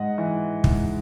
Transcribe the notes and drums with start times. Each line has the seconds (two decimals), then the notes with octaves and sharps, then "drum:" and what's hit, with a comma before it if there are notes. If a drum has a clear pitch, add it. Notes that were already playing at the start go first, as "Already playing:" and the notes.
Already playing: G#2 D#5 F#5
0.18 E3
0.64 G#2, drum: kick